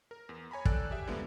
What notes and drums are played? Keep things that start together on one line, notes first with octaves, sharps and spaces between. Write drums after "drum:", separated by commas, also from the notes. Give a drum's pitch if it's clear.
A#4
E2
C#5 G#5 A#5 B5
A4 D5 G5 G#5 E6 F#6, drum: kick
G4 G#4 E5
D3 F3 G3 G#3 A#3 B3